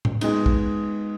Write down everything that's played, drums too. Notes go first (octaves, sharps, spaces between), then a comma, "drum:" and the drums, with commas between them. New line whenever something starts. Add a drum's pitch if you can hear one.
drum: tom A2
G#3 B3 D#4, drum: cymbal
drum: kick